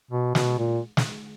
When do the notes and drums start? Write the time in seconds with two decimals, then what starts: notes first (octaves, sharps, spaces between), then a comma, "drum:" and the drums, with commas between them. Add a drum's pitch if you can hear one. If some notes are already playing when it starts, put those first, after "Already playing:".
0.11 B2
0.35 B2, drum: snare
0.58 A#2
0.97 drum: snare